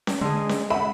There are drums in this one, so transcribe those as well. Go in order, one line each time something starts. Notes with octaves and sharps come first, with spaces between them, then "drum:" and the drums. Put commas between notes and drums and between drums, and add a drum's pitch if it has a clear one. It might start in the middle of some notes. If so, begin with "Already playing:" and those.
drum: snare C#4
D3 G#3 G#4
drum: snare C#4
E5 F#5 B5